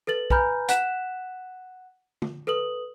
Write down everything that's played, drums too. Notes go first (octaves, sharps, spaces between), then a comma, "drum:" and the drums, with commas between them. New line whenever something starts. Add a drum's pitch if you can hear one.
A4 B4 A6 F#7
B4 G#5 A#5 B5 F6 G6, drum: kick
F#5 F#6 B6 E7, drum: hi-hat
drum: tom
A4 B4 D#6 F#7